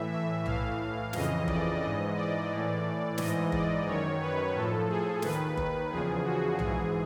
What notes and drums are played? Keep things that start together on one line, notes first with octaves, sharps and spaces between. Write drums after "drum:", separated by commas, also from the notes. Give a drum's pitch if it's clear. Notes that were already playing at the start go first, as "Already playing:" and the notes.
Already playing: A2 E3 E5
E5
A2 E3 F5, drum: tom B1
F2 C#3 E3 D#5, drum: snare
D5, drum: kick G1
G#2 E3 D#5
D5
A2 E3
G#2 E3 D#5, drum: snare
D5, drum: kick G1
F#2 D#3 C#5
B4
A2 F3 A4
G#4
D#2 D#3 B4, drum: snare
B4, drum: kick G1
E2 C#3 F3 G#4
F#4
G#2 E3 G#4, drum: tom B1